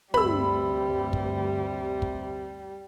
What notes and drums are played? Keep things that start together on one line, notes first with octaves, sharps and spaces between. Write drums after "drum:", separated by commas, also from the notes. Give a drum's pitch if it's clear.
D2 G2 C3 G3 B5 E6, drum: tom
drum: kick
drum: kick